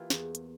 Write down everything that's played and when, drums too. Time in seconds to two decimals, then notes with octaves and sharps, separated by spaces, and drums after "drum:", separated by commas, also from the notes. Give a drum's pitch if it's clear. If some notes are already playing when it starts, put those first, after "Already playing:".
Already playing: E3 A#3 E4 F4 G4 F5
0.10 E2, drum: snare
0.35 drum: hi-hat